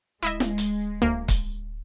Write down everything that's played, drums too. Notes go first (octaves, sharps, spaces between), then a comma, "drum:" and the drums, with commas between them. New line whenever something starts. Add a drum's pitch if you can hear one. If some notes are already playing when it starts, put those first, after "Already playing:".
D1 G#3 E4 D#5 E5
drum: snare
drum: hi-hat
D2 A#3
drum: kick, hi-hat